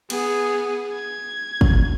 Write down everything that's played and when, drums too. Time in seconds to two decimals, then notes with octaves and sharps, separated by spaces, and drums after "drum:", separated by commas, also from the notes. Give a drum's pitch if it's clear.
0.10 B3 G#4, drum: cymbal
0.93 G#6
1.61 drum: kick